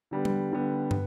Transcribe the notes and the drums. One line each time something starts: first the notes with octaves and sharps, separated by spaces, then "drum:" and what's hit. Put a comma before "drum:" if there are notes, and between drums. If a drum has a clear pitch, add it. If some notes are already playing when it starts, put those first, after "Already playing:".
D3 G3 B3
drum: tom G3
D3 G3 B3
B3, drum: tom